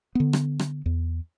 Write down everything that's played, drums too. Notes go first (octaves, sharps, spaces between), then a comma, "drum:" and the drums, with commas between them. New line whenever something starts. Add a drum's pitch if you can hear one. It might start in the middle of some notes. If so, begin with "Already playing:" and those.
D3 B3
drum: rim click
drum: rim click
E2